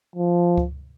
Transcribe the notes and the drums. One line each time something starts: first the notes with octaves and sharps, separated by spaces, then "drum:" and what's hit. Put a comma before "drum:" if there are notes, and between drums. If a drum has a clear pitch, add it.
F3
drum: kick C#2